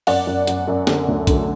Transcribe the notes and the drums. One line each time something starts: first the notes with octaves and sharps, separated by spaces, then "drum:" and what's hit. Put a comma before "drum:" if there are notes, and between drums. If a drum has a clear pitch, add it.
F#2 D5 F#5, drum: open hi-hat
F#2
F#2, drum: hi-hat
F#2
D3, drum: snare
D2
D3, drum: kick A#1, hi-hat